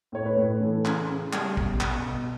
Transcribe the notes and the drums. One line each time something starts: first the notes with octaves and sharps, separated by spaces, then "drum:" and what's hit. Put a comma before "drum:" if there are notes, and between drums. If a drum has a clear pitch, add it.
A2 C#5
B4
A2
E3 A4
C#3, drum: clap
C#3
G3, drum: clap
B2, drum: kick
B2, drum: clap
B2